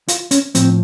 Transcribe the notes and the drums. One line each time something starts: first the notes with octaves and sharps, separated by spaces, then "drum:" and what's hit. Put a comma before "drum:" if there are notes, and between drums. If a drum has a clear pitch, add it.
F4, drum: hi-hat
C#4, drum: hi-hat
A2 F3 C4, drum: hi-hat